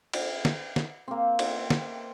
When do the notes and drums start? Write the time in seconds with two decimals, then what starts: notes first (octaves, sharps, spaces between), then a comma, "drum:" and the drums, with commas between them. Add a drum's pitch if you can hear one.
0.13 drum: cymbal
0.45 drum: snare
0.76 drum: snare
1.08 A#3 C4
1.39 drum: cymbal
1.70 drum: snare